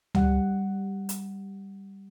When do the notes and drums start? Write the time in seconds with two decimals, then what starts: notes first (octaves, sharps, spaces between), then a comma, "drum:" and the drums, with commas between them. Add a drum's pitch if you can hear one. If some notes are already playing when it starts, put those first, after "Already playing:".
0.15 G3 F#5, drum: tom
1.09 drum: hi-hat